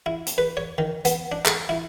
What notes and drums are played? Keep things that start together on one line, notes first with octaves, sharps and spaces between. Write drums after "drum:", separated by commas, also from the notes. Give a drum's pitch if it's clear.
E4
drum: hi-hat
B4
C#5
D#3
B3, drum: hi-hat
D4
A4, drum: clap
E4